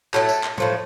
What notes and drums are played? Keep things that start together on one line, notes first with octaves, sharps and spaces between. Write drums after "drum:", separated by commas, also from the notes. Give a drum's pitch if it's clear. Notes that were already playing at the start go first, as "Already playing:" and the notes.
A2 F#3 A3 A4, drum: clap
drum: tambourine
drum: clap
A2 F3 A3, drum: tom